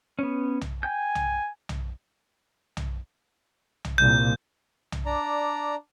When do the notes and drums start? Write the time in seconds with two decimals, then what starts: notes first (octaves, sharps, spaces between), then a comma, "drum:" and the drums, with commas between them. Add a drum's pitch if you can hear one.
0.19 B3 C#4
0.61 drum: tom B1
0.83 G5 G#5 G6
1.15 drum: tom B1
1.69 drum: tom B1
2.77 drum: tom B1
3.85 drum: tom B1
3.98 C2 A#2 G6
4.92 drum: tom B1
5.06 D4 D5 A#5